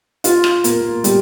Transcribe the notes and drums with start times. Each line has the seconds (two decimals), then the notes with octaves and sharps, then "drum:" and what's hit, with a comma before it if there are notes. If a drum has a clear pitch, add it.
0.24 F4, drum: hi-hat
0.44 drum: rim click
0.64 A#3, drum: hi-hat
1.04 G3, drum: hi-hat